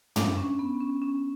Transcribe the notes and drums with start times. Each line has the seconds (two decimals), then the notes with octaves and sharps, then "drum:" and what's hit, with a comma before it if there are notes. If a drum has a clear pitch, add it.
0.16 D4, drum: tom
0.38 C#4
0.59 B3
0.81 C#4
1.02 C#4